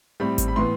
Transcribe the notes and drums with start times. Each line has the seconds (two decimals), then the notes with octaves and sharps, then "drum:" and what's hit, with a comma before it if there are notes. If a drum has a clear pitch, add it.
0.20 A2 G3 C4 B5
0.38 drum: kick G#1, hi-hat
0.48 B5
0.56 A2 E3 B3 C6